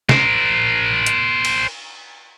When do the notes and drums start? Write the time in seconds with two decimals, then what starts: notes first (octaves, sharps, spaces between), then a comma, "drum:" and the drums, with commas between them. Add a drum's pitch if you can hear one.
0.09 A#4 C5, drum: snare
1.07 drum: hi-hat
1.45 drum: cymbal